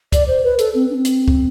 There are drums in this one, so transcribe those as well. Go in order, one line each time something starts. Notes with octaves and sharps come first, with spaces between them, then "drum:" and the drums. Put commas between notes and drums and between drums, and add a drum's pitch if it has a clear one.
D5, drum: kick, hi-hat
C5
B4
A4, drum: hi-hat
C4
D4
C4
drum: hi-hat
drum: kick